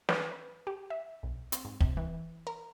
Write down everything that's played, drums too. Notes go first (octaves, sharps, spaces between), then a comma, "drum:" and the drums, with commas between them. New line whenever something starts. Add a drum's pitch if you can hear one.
B4, drum: snare
B4
G4
E5
B1
C4, drum: hi-hat
G#2
C3, drum: kick
E3
A#4